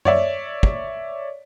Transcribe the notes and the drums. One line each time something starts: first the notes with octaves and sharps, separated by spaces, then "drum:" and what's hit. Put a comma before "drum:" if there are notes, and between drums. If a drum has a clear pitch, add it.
C#5 D5 E5, drum: tom F#2
drum: kick